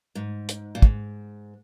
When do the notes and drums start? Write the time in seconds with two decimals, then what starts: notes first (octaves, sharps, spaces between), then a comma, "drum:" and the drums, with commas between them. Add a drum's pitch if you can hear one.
0.15 G#2
0.49 drum: hi-hat
0.75 A#2
0.82 G#2, drum: kick